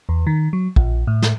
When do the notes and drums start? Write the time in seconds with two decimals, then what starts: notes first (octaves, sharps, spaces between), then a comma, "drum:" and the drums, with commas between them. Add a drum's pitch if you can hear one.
0.09 E2
0.27 D#3
0.53 F#3
0.76 A#1, drum: kick
1.07 A2
1.22 drum: snare